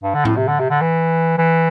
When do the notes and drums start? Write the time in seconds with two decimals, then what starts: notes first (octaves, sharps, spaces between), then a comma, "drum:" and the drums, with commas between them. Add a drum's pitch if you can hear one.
0.03 G2
0.14 D3
0.25 A2, drum: tom A2
0.36 C3
0.48 D3
0.59 C3
0.70 D3
0.81 E3
1.38 E3